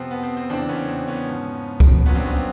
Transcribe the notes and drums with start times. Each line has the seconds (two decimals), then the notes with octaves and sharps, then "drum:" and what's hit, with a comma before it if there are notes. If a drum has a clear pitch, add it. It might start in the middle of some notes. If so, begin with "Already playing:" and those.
Already playing: F2 C3 F3 B3 C4
0.11 B3
0.23 C4
0.37 C4
0.49 E2 C#3 E3 C4 D4
0.69 B3 C#4
0.88 C4
1.08 B3 C#4
1.28 G#2 F3
1.80 drum: kick C2
2.06 C2 A#2 F#3 B3 C#4
2.15 C4 D4
2.25 B3 C#4
2.36 C4